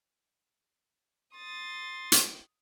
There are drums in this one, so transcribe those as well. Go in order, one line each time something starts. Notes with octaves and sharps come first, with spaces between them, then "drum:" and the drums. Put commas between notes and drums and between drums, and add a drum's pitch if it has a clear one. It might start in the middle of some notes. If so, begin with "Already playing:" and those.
C6 D#6 A6
drum: hi-hat